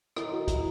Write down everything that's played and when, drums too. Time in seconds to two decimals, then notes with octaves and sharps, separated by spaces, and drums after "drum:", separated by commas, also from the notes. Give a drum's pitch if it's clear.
0.16 D#3 E4, drum: rim click
0.32 F#4
0.39 D#3
0.48 E4, drum: kick, hi-hat